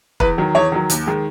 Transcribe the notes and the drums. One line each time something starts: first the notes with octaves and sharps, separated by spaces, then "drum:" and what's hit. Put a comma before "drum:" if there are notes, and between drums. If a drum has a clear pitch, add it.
E2 B4, drum: kick
D#3 F#3
E2 C#5
D#3 F#3
D#2, drum: hi-hat
D#3 G#3